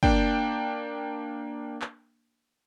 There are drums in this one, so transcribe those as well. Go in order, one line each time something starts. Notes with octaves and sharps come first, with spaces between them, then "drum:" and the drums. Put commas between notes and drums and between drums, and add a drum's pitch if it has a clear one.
A#3 D4 G5, drum: kick
drum: clap